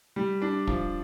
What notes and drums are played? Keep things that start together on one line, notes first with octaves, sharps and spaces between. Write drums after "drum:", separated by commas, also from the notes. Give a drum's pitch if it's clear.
G3
D4
F3, drum: kick